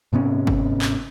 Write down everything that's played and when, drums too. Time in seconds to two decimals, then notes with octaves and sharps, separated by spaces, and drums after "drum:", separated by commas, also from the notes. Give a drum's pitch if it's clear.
0.13 G#2 C3 B3 C#4
0.47 drum: kick G1
0.82 drum: clap